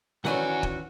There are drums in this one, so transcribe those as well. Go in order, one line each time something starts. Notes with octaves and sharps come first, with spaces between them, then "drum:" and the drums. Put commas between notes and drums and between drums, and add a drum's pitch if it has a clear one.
D#3 E3 C#4 F#4 D5 F#5 G#5, drum: snare
drum: kick